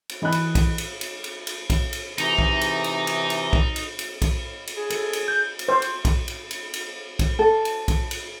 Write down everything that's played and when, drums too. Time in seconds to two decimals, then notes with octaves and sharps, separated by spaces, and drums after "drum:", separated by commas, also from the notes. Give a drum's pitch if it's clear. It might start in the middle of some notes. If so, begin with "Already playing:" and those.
0.09 drum: cymbal
0.22 E3 D#5 B5 F#6
0.32 drum: cymbal
0.55 drum: kick, cymbal
0.78 drum: cymbal
1.01 drum: cymbal
1.24 drum: cymbal
1.47 drum: cymbal
1.70 drum: kick, cymbal
1.93 drum: cymbal
2.18 C3 E3 D#4, drum: cymbal
2.38 drum: kick
2.61 drum: cymbal
2.84 drum: cymbal
3.07 drum: cymbal
3.30 drum: cymbal
3.53 drum: kick
3.76 drum: cymbal
3.99 drum: cymbal
4.22 drum: kick, cymbal
4.67 drum: cymbal
4.77 G#4
4.90 A4, drum: cymbal
5.13 drum: cymbal
5.28 G6
5.59 drum: cymbal
5.68 C5
5.82 drum: cymbal
6.05 drum: kick, cymbal
6.28 drum: cymbal
6.51 drum: cymbal
6.74 drum: cymbal
7.19 drum: kick, cymbal
7.39 A4
7.65 drum: cymbal
7.88 drum: kick, cymbal
8.11 drum: cymbal